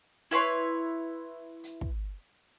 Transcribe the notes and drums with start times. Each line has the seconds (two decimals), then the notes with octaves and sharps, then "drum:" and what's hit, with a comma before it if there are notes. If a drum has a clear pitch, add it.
0.31 E4 B4 C#5 C6, drum: hi-hat
1.64 drum: hi-hat
1.81 drum: kick